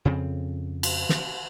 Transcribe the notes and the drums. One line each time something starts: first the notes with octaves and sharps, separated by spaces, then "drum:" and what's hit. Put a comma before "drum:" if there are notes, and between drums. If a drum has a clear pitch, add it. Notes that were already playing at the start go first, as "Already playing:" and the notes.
F2 C#3 C4
drum: cymbal
drum: snare